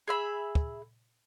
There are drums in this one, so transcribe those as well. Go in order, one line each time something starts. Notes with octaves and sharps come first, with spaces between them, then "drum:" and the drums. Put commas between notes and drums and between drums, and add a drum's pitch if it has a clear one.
G#4 E5 B5
drum: kick